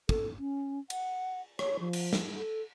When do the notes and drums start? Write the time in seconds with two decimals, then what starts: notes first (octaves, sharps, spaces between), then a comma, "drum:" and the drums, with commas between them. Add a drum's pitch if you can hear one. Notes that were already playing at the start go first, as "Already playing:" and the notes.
0.09 A4, drum: kick
0.38 C#4
0.90 F#5, drum: cymbal
1.59 C#5, drum: rim click
1.80 F3
1.93 drum: cymbal
2.13 drum: snare
2.36 A4